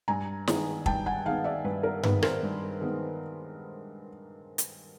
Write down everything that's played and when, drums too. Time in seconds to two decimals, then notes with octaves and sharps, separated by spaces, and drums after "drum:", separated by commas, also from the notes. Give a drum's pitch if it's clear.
0.08 G2 G#5 A#5
0.47 D#3 G#3 B3, drum: snare
0.86 G2 G5 A5, drum: kick
1.06 F#5 G#5
1.26 D#3 G#3 B3 F5 G5
1.44 D5 E5
1.64 G2 B4
1.83 A#4
2.03 D#3 G#3 B3 B4, drum: tom G2
2.22 A#4 C5, drum: rim click
2.43 G2
2.81 D#3 G#3 B3
4.58 drum: hi-hat